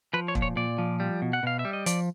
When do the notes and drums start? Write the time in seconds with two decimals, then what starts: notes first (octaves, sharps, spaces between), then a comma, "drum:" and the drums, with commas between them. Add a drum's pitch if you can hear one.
0.13 F3 B4
0.28 C#5
0.35 A#2, drum: kick
0.42 C#5
0.56 A#2 D5
0.78 F3
1.00 G3
1.22 B2
1.33 F#5
1.43 B2 F5
1.59 E5
1.65 G3
1.73 D#5
1.86 F3 D5, drum: hi-hat